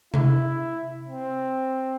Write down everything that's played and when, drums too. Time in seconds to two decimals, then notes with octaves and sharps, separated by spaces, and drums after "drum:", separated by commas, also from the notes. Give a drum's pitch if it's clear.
0.14 E4, drum: tom C3
1.08 C4